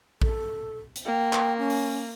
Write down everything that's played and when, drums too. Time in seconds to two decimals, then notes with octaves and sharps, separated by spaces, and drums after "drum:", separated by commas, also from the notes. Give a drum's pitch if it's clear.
0.22 A4, drum: kick A#1
0.96 drum: hi-hat
1.06 A#3 G5
1.33 drum: clap
1.58 C#4
1.70 drum: open hi-hat